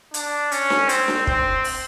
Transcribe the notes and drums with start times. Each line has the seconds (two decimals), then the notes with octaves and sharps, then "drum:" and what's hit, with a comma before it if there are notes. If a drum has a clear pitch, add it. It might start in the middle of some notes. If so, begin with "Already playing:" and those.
0.14 D4, drum: hi-hat
0.52 C#4, drum: hi-hat
0.70 drum: snare D4
0.89 C4, drum: hi-hat
1.08 drum: snare D4
1.27 C4, drum: kick
1.64 drum: open hi-hat